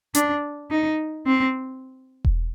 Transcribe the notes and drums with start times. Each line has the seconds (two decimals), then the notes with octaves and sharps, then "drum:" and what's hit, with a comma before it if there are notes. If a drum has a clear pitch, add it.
0.15 D4, drum: hi-hat
0.70 D#4
1.26 C4
2.25 drum: kick E1